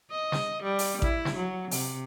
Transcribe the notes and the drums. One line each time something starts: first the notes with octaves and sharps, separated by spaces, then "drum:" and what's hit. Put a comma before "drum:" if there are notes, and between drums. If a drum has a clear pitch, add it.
D#5
drum: snare
G3
drum: open hi-hat
E4, drum: kick A1
drum: snare
F#3
C3, drum: open hi-hat